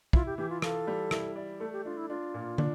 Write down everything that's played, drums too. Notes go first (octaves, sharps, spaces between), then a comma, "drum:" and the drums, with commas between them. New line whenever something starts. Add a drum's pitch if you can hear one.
E4 F4, drum: kick
G4
E3 G4
F4
F4 A4, drum: rim click
G3
E4, drum: rim click
D5
A3 A4
G4
D4 F4
E4
D4 F4
A#2
D4, drum: tom